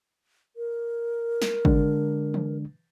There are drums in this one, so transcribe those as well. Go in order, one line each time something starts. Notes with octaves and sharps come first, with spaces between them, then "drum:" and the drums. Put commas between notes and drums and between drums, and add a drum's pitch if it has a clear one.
A#4
drum: snare
D3 G#3 D4, drum: kick G#1
drum: tom E3